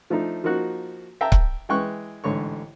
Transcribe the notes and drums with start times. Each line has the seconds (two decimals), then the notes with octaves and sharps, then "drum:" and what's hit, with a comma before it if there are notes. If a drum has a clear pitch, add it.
0.10 F3 A3 D4 D#4
0.44 F3 A#3 D#4 F#4 F#6
1.21 E5 G5 A5 A#5
1.32 drum: kick C#1
1.69 E3 G#3 G5 C#6 F#6
2.24 A1 G#2 D3 C#5 C#6